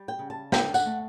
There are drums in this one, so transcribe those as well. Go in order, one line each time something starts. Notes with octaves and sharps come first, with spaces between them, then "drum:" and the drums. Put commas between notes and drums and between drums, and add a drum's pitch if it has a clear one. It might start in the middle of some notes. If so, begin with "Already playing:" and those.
Already playing: G3
G5
C#3
A5
D3 G5, drum: snare
F#5, drum: tambourine
A3